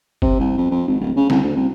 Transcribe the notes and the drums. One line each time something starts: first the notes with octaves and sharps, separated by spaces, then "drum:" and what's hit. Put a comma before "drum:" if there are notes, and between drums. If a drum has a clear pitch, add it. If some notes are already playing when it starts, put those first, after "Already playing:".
C3, drum: kick
C2
F2
F2
G#1
D1
C#3
C2, drum: snare
D2
C2